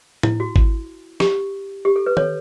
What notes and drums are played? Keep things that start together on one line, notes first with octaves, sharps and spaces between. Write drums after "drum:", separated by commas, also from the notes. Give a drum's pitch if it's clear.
E4, drum: tom
F#4
drum: kick G#1
G4, drum: snare
G4
A4
B4
A4 C#5, drum: tom